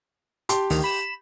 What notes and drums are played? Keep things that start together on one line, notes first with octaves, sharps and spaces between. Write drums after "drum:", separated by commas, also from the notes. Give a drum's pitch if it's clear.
G4 A5 C6, drum: hi-hat
D2 D#3, drum: open hi-hat
B5 E7